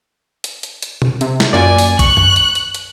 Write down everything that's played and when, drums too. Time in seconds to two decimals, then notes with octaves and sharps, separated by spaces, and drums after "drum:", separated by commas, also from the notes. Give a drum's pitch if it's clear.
0.44 drum: hi-hat
0.63 drum: hi-hat
0.82 drum: hi-hat
1.02 drum: tom B2
1.21 C3, drum: hi-hat
1.40 drum: snare
1.53 F#2 A#2 D5 G#5
1.78 drum: open hi-hat
1.99 C#6 F#6, drum: kick A#1, hi-hat
2.17 drum: tom F#2
2.36 drum: hi-hat
2.55 drum: hi-hat
2.74 drum: hi-hat